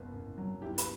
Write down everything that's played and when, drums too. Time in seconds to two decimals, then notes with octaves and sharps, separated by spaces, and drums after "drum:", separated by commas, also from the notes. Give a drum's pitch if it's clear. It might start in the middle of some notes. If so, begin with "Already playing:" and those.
Already playing: F#1 C2 B3
0.13 F#1
0.38 F#3
0.62 G1 E4 G4
0.78 B4, drum: hi-hat